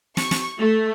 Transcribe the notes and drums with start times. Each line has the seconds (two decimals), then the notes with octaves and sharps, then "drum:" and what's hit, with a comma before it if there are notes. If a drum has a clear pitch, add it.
0.17 C#6, drum: snare
0.31 drum: snare
0.59 A3